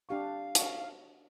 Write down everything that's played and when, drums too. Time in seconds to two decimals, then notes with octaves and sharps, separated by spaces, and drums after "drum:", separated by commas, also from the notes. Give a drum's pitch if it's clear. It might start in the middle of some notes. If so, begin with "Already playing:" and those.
0.09 D4 G4 F5 C#6
0.55 F#4 A5 C#6, drum: hi-hat